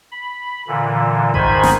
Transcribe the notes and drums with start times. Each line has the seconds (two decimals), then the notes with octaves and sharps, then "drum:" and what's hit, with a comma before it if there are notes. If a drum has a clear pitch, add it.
0.12 B5
0.68 A#2 D3 E3
1.34 G#2 D#3 C5 G#5 B5 G#6, drum: kick A1
1.63 drum: snare